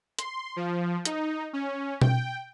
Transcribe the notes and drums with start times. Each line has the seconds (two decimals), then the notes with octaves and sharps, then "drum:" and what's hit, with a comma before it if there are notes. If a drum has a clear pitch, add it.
0.19 C6, drum: hi-hat
0.56 F3
1.05 D#4, drum: hi-hat
1.53 C#4
2.02 G5, drum: tom B2